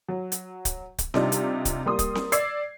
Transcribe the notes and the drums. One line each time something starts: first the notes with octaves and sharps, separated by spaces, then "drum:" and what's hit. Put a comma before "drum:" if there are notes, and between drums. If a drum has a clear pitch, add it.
F#3
drum: hi-hat
drum: kick C#1, hi-hat
drum: kick C#1, hi-hat
C3 G3 D4 D#4 F4, drum: snare C4
drum: hi-hat
drum: kick C#1, hi-hat
G3 A#3 C6 D#6
drum: kick C#1, hi-hat
drum: snare C4
D5 E6 G#6 C7, drum: hi-hat